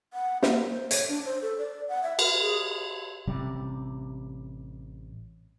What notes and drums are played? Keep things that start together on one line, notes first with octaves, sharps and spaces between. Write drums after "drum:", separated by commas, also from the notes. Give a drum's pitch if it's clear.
F#5
A#3, drum: snare
C5
C#5, drum: hi-hat
D4
C5
A4
D5
F#5
E5
A#4, drum: cymbal
G#4
A1 C3 G3